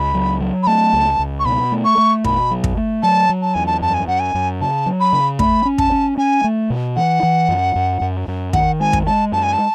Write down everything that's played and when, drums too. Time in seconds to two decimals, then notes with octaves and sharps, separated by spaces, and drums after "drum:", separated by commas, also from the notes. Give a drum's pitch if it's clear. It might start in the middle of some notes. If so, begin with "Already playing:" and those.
Already playing: C#2 B5
0.15 F#3
0.41 F#3
0.63 B5
0.67 A3 A5
0.93 C#2
1.19 C#2
1.39 C#6
1.45 B2 B5
1.72 A3
1.84 C#6
1.98 A3
2.24 B2 B5, drum: kick
2.51 F#3
2.64 drum: kick
2.77 A3
3.02 F#3 A5
3.29 F#3
3.42 A5
3.54 E2 G#5
3.67 A5
3.81 F#2 A5
3.94 G#5
4.07 F#2 F#5
4.20 G#5
4.35 F#2
4.61 C#3 A5
4.86 F#3
5.00 B5
5.13 C#3
5.39 A3 B5, drum: kick
5.65 C#4
5.78 A5, drum: kick
5.92 C#4
6.17 C#4 G#5
6.44 A3
6.70 B2
6.96 E3 F#5
7.23 E3
7.49 F#2
7.75 F#2
8.01 F#2
8.28 F#2
8.53 D#3 F#5, drum: kick
8.80 G#3 G#5
8.93 drum: kick
9.06 G#3 A5
9.32 F#2 A5
9.43 G#5
9.53 A5